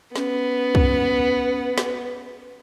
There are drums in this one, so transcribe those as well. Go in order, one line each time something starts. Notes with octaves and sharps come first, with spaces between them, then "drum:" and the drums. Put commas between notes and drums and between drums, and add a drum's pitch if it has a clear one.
B3 C#4, drum: snare
drum: kick
drum: snare